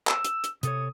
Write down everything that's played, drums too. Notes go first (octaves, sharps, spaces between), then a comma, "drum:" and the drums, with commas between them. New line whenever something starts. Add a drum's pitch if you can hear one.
E6, drum: clap
drum: hi-hat
drum: hi-hat
C3 A4 C#5 D#6, drum: hi-hat